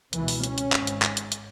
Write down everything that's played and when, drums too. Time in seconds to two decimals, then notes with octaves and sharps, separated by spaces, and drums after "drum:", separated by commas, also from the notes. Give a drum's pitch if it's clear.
0.13 C#2 B2 E3, drum: hi-hat
0.28 drum: open hi-hat
0.44 C#4, drum: hi-hat
0.58 drum: hi-hat
0.72 G#1 G#2, drum: clap
0.87 drum: hi-hat
1.02 drum: clap
1.17 drum: hi-hat
1.32 drum: hi-hat